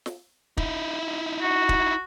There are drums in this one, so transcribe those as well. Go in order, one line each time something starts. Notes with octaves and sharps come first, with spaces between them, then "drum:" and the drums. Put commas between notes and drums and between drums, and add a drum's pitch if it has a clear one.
drum: snare
D#4 E4, drum: kick
F#4
drum: kick